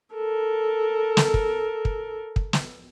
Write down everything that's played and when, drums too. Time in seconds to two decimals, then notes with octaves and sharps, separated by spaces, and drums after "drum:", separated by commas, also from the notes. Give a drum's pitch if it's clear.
0.15 A4 A#4
1.17 drum: snare
1.34 drum: kick
1.85 drum: kick
2.36 drum: kick
2.53 drum: snare